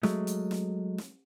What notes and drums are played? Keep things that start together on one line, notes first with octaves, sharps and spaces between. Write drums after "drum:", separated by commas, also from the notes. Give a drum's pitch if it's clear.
F#3 G#3 A3, drum: snare
drum: hi-hat
drum: snare
drum: snare